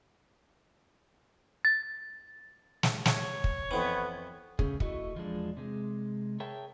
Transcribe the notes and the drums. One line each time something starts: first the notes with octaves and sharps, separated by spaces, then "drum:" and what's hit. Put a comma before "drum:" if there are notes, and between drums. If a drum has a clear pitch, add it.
A6
drum: snare
C#5, drum: snare
drum: kick
F2 E3 B3
C#3 G3 A3 C#4 G#4, drum: kick
A3 E4 F#4 D#5, drum: kick
E2 F3 G#3 D4
C3 G#3
G#4 A#4 C#5 E5 G5 A5